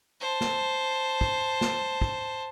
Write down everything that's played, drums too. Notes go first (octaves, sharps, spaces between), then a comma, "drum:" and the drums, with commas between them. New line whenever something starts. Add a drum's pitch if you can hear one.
C5 A5
drum: snare
drum: kick
drum: snare
drum: kick